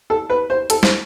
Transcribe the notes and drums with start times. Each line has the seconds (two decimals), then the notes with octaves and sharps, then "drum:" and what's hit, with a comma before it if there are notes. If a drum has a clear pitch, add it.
0.10 A4
0.30 B4
0.50 C5
0.70 A4, drum: hi-hat
0.83 C5, drum: snare